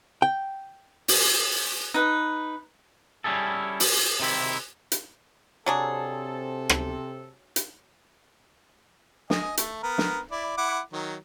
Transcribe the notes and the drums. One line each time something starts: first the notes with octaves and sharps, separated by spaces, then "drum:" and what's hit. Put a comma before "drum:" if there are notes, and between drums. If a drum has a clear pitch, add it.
G5
drum: open hi-hat
D#4 B4
G3 C#4 E4 G#4 A4
drum: open hi-hat
C3 D#3 C4 E4
drum: hi-hat
C3 F#3 C4 D4 G#4 A4
drum: rim click
drum: hi-hat
D#5 G#5, drum: snare
A3, drum: hi-hat
B3 A#4
drum: snare
E4 D5
E4 F#5 D6
D#3 F#3